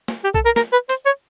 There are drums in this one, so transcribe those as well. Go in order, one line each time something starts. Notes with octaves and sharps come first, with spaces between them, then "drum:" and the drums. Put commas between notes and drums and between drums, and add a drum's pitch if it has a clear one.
drum: snare
G4
A4, drum: kick B1
A#4
A#4, drum: snare
B4
C5, drum: hi-hat
C#5